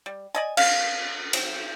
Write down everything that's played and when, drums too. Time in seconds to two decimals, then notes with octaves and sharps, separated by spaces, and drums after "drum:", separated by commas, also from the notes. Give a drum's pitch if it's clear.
0.06 G3
0.35 D5 D#5 G#5
0.57 F5, drum: cymbal
1.33 F#3 C4, drum: cymbal